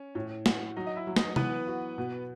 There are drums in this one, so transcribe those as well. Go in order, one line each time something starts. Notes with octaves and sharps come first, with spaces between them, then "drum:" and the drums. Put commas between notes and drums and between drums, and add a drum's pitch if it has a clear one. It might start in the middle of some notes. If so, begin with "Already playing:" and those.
Already playing: C#4
A2
F#4, drum: snare
F#3 D#4 D#5
D#5
E4 E5
F#3
D#4 D#5, drum: snare
E3 B3 B4, drum: tom C3
F#4
B2